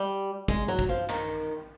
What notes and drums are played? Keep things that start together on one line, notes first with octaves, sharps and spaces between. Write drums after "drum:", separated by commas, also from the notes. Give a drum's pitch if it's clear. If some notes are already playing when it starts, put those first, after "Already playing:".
Already playing: G3
G#3, drum: kick
F#3
drum: kick
F3
D#3, drum: clap